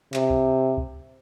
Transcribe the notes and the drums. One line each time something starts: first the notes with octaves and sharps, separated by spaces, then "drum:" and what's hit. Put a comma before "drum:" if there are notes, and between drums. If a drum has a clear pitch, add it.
C3, drum: clap
drum: kick
drum: kick